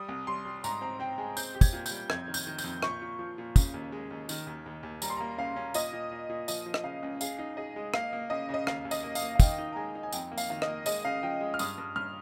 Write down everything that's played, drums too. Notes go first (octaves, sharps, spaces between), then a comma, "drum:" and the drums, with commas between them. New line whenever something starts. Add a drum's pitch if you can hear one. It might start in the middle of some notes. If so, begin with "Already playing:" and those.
Already playing: G3 D#6
C2
G3 C6
G3
G#2 A#5, drum: tambourine
C4 A#5
C4 G5
G#3 G#5
C4 G6, drum: tambourine
G4
G#6, drum: kick, tambourine
A#2
G6, drum: tambourine
G3
F2 G#6, drum: rim click
D#3
G6, drum: tambourine
D#3
G6, drum: tambourine
F2
A#2 C#6, drum: rim click
A#2
F3
A#2
C#3, drum: kick, tambourine
D#2
G#3
D#2
D#3, drum: tambourine
D#2
D#2
D#2
G3 A#5, drum: tambourine
C6
A#5
A#3
C#3 F5
C#4
A#2 D#5, drum: tambourine
A#2
A#2
A#2
F3 D#5, drum: tambourine
F3
D#5, drum: rim click
C#3 F5
C#2
G#4 F5, drum: tambourine
D#4
G#4 D#5
G#3
A#3 F5, drum: rim click
A#3
C#3 D#5
C#3
D#5
D#2 F5, drum: rim click
D#2
D#5, drum: tambourine
A#3
F5, drum: tambourine
A#3
F5
D#3 G5, drum: kick, tambourine
D#4
A#5
G#3 G#5
D#4
G#5
F2 G5, drum: tambourine
A#3
F5, drum: tambourine
D#3 F5
D#5, drum: rim click
A#3
G#3 D#5, drum: tambourine
C#3 F5
F3 G5
G#3
F6
G2 D#6, drum: tambourine
G2
G2 F6